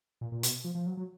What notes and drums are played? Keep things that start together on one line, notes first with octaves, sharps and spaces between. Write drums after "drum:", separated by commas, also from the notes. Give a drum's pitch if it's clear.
A#2
A#2
B2, drum: hi-hat
F3
F3
F#3
F#3